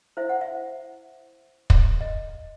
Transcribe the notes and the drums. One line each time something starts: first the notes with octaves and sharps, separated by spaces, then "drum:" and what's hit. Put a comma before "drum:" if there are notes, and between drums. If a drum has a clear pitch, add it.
E4 C5 E5
F#5
E5
drum: kick
D#5